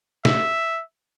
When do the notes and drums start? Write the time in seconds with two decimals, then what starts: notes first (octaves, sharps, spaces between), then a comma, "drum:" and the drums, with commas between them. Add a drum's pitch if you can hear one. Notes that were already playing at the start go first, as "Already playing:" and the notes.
0.25 E5, drum: snare